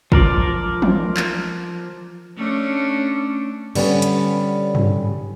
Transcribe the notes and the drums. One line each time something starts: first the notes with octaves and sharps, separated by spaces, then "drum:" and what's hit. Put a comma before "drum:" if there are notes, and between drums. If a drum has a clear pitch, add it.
F3 A#4 D5, drum: kick
drum: tom E3
drum: clap
A3 C#4 D4
D3 G3 B3 C#4, drum: cymbal
drum: hi-hat
drum: tom G2